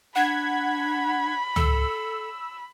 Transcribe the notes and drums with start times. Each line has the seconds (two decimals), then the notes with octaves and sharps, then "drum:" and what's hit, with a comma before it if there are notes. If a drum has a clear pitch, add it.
0.16 D4 F#5 B5 G#6 B6
1.56 A4 E6, drum: tom C#2